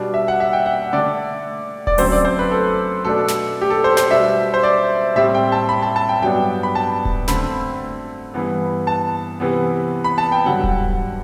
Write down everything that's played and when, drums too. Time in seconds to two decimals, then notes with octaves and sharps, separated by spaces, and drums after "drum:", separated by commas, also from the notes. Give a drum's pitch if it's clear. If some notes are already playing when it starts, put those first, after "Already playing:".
Already playing: B2 G3 D4
0.14 E5
0.28 F#5
0.40 E5
0.53 G5
0.66 F#5
0.93 D3 A3 D4 D5
1.87 D5, drum: kick D#1
1.98 F#2 D3 A3 C4 C5, drum: open hi-hat
2.12 D5
2.25 C5
2.39 B4
2.51 A4
3.05 B2 A3 D4 A4
3.28 drum: snare
3.61 G4
3.70 A4
3.84 C5
3.97 C5, drum: snare
4.11 B2 G3 D4 E5
4.54 C5
4.63 D5
5.16 A2 G3 C4 E5
5.35 G5
5.52 A5
5.69 B5
5.82 A5
5.96 A5
6.09 G5
6.22 G2 F#3 B3 D4 G5
6.63 B5
6.75 A5
7.05 drum: kick D#1
7.28 D3 A3 C4 B5, drum: snare
8.34 G2 E3 B3
8.87 A5
9.40 C3 E3 B3
10.04 B5
10.18 A5
10.32 G5
10.46 G2 D3 F#3 F#5
10.64 drum: kick D#1